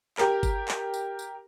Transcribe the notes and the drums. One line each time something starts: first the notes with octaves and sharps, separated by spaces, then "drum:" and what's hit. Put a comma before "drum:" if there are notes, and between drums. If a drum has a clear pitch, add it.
G4 A#4, drum: clap
drum: kick G1, tambourine
drum: clap
drum: tambourine
drum: tambourine